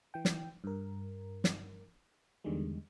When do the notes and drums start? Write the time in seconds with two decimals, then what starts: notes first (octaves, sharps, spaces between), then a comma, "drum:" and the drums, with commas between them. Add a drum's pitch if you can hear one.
0.14 E3 G5
0.25 drum: snare
0.64 G2 A#4
1.44 drum: snare
2.44 E2 D3 D#3 G3 G#3